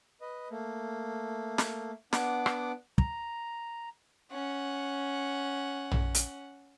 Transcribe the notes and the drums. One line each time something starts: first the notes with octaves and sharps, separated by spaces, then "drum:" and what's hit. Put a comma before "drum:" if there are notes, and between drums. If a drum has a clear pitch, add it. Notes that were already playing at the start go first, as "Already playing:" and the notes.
B4 D#5
A3 A#3
drum: snare
B3 D4 F#5 D6, drum: snare
drum: rim click
A#5, drum: kick
C#4 F#5
drum: tom A#1
drum: hi-hat